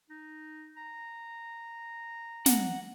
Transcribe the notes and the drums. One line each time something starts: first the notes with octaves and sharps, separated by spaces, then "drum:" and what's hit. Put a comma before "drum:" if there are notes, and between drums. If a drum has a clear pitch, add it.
D#4
A#5
F#5, drum: snare